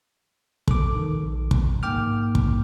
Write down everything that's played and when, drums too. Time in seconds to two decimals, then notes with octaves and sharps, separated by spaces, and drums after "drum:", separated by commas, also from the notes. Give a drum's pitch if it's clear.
0.68 A4 D6, drum: kick
0.95 D#3
1.17 A#1
1.51 drum: kick
1.83 G#2 A#3 G5 D6 F6
2.35 drum: kick